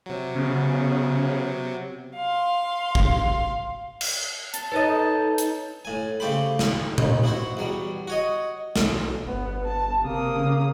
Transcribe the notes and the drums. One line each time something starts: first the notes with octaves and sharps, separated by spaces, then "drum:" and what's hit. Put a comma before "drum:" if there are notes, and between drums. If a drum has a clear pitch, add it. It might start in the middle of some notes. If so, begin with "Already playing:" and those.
C3 F#3
C#3 B3
F5 C6
drum: kick
drum: cymbal
A5, drum: hi-hat
D#4 A4 B4 C#5 D#5 A6
drum: hi-hat
A2 G#5
C#3 A3 G4 C5 B5
drum: snare
D#2, drum: tom A#2
B3 E4 F#4 C5
E2 F#3 G3
F#4 C#5 D#5
B1, drum: snare
G1 B3
A5
C3 A#3 D#6
C#3